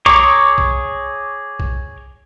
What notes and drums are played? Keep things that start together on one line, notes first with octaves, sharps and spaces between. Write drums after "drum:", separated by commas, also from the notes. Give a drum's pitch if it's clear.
G#4 C#5 A#5 C#6 D6, drum: kick
drum: kick
drum: kick